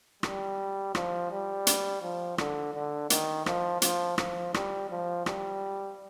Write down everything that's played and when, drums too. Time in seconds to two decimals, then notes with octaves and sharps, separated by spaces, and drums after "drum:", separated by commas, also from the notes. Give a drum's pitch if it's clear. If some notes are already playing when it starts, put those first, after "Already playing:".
0.23 G3, drum: rim click
0.95 F3, drum: rim click
1.31 G3
1.67 drum: hi-hat
2.03 F3
2.38 D3, drum: rim click
2.74 D3
3.10 D#3, drum: hi-hat
3.46 F3, drum: rim click
3.82 F3, drum: hi-hat
4.18 F3, drum: rim click
4.54 G3, drum: rim click
4.89 F3
5.26 G3, drum: rim click